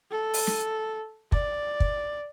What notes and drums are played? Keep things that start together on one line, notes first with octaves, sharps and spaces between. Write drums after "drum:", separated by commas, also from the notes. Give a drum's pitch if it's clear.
A4
drum: open hi-hat
drum: snare
D5, drum: kick
drum: kick